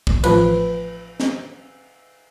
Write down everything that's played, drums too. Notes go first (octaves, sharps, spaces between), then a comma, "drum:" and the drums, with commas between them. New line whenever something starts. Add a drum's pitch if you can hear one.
drum: kick
A1 F3 B4, drum: cymbal
drum: snare